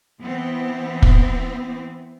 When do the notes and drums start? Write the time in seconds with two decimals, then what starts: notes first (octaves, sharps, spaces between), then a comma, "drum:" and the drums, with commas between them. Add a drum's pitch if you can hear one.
0.20 E3 B3 C4
1.02 drum: kick